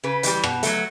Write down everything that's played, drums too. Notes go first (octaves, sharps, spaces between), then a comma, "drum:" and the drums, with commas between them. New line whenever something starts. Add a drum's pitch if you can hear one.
C#3 B4
E3 G3, drum: hi-hat
B2, drum: rim click
F#3 A3, drum: hi-hat